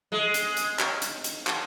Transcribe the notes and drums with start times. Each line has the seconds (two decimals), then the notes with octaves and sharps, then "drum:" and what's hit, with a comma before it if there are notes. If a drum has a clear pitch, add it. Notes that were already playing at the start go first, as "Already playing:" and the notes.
0.12 G#3
0.34 drum: hi-hat
0.57 drum: hi-hat
0.79 drum: clap
1.02 drum: hi-hat
1.24 drum: hi-hat
1.47 drum: clap